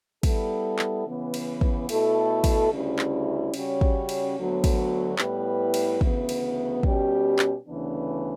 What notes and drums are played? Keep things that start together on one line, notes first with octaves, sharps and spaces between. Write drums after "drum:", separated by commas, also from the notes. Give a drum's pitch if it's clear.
G3 B3 E4 A4, drum: kick, cymbal
drum: clap
C#3 E3 B3
drum: cymbal
drum: kick
B2 A3 E4 A4, drum: cymbal
drum: kick, cymbal
D2 C#3 G3 C#4 E4
drum: clap
C#3 G3 C#4 F#4 C#5, drum: cymbal
drum: kick
drum: cymbal
D2 D3 F#3 B3
drum: kick, cymbal
A2 G3 B3 E4 B4, drum: clap
drum: cymbal
D2 C#3 E3 B3, drum: kick
drum: cymbal
B2 G3 C#4 G4, drum: kick
drum: clap
D2 C#3 E3 B3 D4